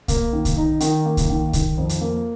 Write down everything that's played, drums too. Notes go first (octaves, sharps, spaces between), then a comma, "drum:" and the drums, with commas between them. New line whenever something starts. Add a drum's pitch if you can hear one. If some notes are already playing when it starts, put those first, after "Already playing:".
A#3, drum: kick B1, hi-hat
D#3
drum: kick B1, hi-hat
D#4
D#3, drum: hi-hat
A#3
drum: kick B1, hi-hat
D#3
D#3, drum: kick B1, hi-hat
F2
drum: hi-hat
A#3